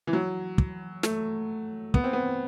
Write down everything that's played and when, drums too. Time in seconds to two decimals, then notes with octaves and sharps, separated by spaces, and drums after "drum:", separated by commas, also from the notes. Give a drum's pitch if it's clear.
0.07 E3
0.13 F#3
0.58 drum: kick
1.03 A3, drum: snare
1.94 B3, drum: kick
2.04 C4
2.13 B3